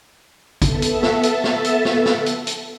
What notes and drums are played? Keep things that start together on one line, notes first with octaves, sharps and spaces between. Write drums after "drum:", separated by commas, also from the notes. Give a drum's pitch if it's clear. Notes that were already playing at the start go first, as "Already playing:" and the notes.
B3 A4 E5 A5, drum: kick G#1, hi-hat
drum: hi-hat
drum: snare
drum: hi-hat
drum: snare
drum: hi-hat
drum: snare
drum: snare
drum: hi-hat
drum: hi-hat